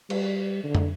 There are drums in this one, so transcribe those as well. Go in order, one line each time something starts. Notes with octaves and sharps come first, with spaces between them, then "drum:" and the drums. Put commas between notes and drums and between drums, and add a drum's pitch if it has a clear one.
G3, drum: cymbal
D3
drum: tom